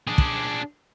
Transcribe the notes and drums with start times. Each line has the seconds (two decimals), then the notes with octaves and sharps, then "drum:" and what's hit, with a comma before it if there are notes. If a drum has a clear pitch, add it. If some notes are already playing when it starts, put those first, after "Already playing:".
0.07 D4 G#4
0.18 drum: kick